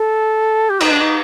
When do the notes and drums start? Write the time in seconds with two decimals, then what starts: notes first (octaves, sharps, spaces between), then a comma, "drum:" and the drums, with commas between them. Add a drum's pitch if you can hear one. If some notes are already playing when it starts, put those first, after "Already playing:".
Already playing: A4
0.70 G4
0.80 D#4, drum: cymbal
0.91 D4
1.01 D#4